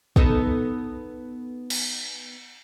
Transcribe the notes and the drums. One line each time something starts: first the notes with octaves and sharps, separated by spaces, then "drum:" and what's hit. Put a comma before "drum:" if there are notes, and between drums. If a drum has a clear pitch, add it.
B3 D#4 A4, drum: kick
drum: cymbal